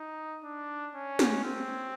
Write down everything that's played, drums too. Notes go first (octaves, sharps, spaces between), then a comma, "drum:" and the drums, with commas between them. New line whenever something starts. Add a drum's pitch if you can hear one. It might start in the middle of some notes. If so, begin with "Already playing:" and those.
Already playing: D#4
D4
C#4
drum: snare
C4